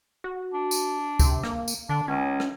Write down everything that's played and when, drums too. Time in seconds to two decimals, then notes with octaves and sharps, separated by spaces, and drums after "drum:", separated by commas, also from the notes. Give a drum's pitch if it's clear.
0.24 F#4
0.54 D4
0.71 drum: tambourine
1.19 C3, drum: kick, tambourine
1.44 A#3, drum: rim click
1.68 drum: tambourine
1.89 D3 D4
2.08 C#2 C#4
2.40 drum: rim click